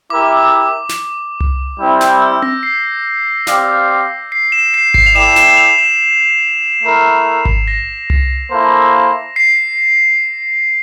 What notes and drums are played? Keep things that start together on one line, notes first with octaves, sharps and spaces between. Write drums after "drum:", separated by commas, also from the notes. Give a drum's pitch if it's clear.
E4 G4 A#4 E5 D6
drum: snare
drum: tom C2
G3 C4 E4
G6, drum: snare
E6
A#6, drum: tom C4
C7
C4 G4 D5 F5, drum: snare
C7
E7
C7
C7, drum: kick G#1
F7
E4 A4 D5 G5 E7
E7, drum: snare
F7
E7
A3 E4 A#4
drum: kick G#1
A#6
drum: tom C2
A#3 E4 A4 C5
C7